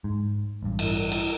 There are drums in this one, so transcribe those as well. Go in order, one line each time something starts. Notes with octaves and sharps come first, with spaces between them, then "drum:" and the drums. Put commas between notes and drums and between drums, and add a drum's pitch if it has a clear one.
G#2
A1 G2
drum: cymbal
drum: cymbal